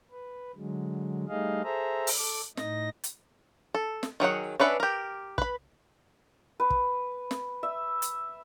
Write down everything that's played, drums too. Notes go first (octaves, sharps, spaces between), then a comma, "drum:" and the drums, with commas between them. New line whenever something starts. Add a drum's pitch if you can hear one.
B4
D3 F#3 G#3
G3 A3 D#4 G#4 D#5 F5
G#4 A4 C5 E5 A#5
drum: open hi-hat
A4 D6
A2 D#4 D#5 A#6, drum: snare
drum: hi-hat
A4
drum: snare
D#3 F#3 G#4 F#5
C#4 D4 B4 E5 F#5
G4 A#4
B4 B5, drum: kick
B4
drum: kick
drum: snare
E5
drum: hi-hat